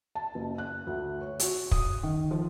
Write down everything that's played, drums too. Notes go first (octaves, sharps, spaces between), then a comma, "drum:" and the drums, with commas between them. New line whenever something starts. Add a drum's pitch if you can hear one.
A5
F#1
F#6
D2
C#5
F#4, drum: hi-hat
D#6, drum: kick
D#3
F3